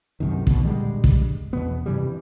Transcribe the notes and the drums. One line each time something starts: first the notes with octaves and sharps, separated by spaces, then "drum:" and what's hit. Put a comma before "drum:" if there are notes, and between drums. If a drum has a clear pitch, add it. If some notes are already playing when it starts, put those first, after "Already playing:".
B1 F#2 C3 D#3
E2 B2, drum: kick
A#2 D3 G3 G#3
drum: kick
E2 B2 B3
G2 C3 E3 G3